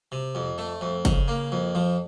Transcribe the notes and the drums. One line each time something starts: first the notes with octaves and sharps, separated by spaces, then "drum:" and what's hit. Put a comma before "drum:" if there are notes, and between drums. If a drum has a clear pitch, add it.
C3
F2
A3
F2
C#3, drum: kick, hi-hat
A#3
F2
F3